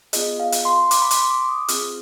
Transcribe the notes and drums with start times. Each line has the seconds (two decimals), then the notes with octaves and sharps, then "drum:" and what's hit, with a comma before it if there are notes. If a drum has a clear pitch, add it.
0.13 B3 F4 G#4 D#5, drum: hi-hat
0.40 F5
0.52 drum: hi-hat
0.65 C6
0.91 D6, drum: hi-hat
1.02 B5
1.11 C6, drum: hi-hat
1.30 D6
1.49 D#6
1.68 C4 F4 G#4 F6, drum: hi-hat